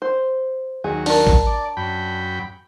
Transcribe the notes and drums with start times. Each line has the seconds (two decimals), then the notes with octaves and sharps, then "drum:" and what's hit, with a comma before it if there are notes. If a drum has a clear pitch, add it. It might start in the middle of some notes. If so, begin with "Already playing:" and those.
0.02 C5
0.84 D#2 F#3 G#4
1.06 D4 A#4, drum: open hi-hat
1.27 drum: kick
1.47 D5
1.77 F#2 G5 B5